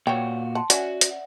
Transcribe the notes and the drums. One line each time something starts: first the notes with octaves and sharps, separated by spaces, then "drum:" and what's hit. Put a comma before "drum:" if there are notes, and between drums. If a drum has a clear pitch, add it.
A#2 F#4 C#5 G5
F#5 A5 C6
C#4 F#4 D5 E5 F#5, drum: hi-hat
drum: hi-hat